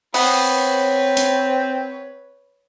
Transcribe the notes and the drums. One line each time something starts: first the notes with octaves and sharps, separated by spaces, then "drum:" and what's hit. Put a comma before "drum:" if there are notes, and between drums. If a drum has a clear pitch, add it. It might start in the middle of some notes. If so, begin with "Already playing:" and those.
B3 C4 B4 C#5, drum: open hi-hat
drum: hi-hat